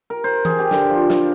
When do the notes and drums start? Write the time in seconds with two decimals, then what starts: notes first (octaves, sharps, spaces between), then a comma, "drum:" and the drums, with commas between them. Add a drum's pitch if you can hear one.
0.10 A#4
0.24 C5
0.45 G#4, drum: tom E3
0.59 G4
0.71 D3, drum: snare
0.90 F3
1.10 F5, drum: snare